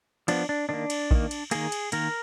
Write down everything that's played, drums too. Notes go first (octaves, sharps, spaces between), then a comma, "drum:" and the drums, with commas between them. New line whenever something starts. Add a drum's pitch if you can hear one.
F3 B3 D4, drum: cymbal
D4
D#3 A#3 D4
drum: cymbal
D#3 A#3, drum: kick A#1
drum: cymbal
D#3 A#3 G#4, drum: cymbal
drum: cymbal
D#3 A#3 A#4, drum: cymbal